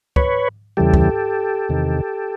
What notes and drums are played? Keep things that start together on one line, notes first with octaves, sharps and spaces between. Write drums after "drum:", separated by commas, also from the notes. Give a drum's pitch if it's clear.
B4 C#5, drum: kick
E2 C#3 E3 G3 G4 A4
drum: kick
E2 C3 D#3